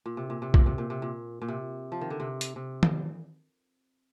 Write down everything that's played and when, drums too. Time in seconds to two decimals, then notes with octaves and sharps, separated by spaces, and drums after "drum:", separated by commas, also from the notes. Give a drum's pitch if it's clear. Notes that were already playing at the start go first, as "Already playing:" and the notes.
0.06 A#2
0.17 C3
0.30 A#2
0.42 C3
0.54 A#2, drum: kick B1
0.66 C3
0.78 A#2
0.90 C3
1.02 A#2
1.42 A#2
1.48 C3
1.92 F3
2.01 D#3
2.10 D3
2.20 C3
2.41 drum: hi-hat
2.56 C3
2.83 drum: tom D#3